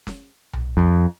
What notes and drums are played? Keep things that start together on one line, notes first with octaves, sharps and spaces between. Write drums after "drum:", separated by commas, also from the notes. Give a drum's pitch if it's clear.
drum: snare
drum: tom B1
F2